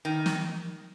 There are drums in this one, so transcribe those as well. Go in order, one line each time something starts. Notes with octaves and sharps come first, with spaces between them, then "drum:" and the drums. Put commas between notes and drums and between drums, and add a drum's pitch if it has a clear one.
D#3
drum: snare